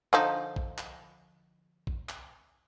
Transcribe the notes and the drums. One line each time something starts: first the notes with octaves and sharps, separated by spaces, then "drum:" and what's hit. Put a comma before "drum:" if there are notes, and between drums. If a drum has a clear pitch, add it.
D3 F3 D#4
drum: kick A1
drum: clap
drum: kick A1
drum: clap